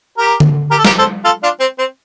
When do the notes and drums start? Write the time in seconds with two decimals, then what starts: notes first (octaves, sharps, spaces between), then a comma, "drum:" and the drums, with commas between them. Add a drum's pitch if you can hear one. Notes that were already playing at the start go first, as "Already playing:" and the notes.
0.18 G4 A#4
0.40 drum: tom D3
0.71 G4 A#4
0.78 A4
0.85 G4 A#4, drum: snare
0.98 A4 C5
1.24 F4 A4
1.43 D4 F4
1.60 C4
1.79 C4